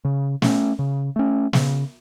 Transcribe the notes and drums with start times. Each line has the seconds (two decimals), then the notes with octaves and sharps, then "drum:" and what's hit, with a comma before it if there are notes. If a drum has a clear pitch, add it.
0.05 C#3
0.42 A3 C#4, drum: snare
0.79 C#3
1.16 A3 C#4
1.53 C#3, drum: snare